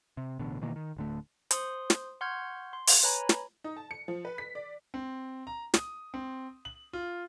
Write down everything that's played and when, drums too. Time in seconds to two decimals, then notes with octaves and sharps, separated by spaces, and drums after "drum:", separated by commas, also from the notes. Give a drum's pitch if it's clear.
0.17 C3
0.39 A1 B2 D3
0.62 B2 D#3 E3 A#3
0.76 D#3
0.97 D1 D3 A3
1.51 C5 C6 D#6, drum: hi-hat
1.90 drum: snare
2.21 F#5 C6 C#6 F6 G6 G#6
2.73 C6
2.87 drum: open hi-hat
3.03 B4 C#5 G#5 A#5 B5
3.29 drum: snare
3.64 D#4
3.77 A5
3.91 C#7
4.08 F3
4.25 B4
4.38 B6
4.55 D5
4.94 C4
5.47 A#5
5.74 D#6, drum: snare
6.14 C4
6.65 F#7
6.93 F4